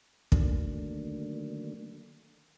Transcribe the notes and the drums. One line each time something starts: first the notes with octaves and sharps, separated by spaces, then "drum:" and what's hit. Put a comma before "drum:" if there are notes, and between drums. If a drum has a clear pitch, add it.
D3 D#3 F#3 A3 A#3 D4, drum: kick